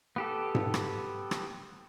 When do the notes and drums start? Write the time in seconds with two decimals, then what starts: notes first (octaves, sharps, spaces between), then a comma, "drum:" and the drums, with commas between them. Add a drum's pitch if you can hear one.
0.16 B3 G4 A4
0.55 drum: tom G#2
0.74 drum: rim click
1.31 drum: rim click